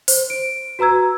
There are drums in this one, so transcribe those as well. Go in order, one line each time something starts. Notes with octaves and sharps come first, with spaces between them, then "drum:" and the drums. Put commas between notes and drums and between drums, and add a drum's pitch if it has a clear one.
C5, drum: open hi-hat
D7
F#4 B4 A#5 E6 G#6